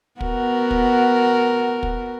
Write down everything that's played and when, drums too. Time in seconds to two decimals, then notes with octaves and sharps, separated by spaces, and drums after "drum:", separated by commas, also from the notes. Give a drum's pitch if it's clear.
0.21 B3 F#4 A#4, drum: kick
0.71 drum: kick
1.83 drum: kick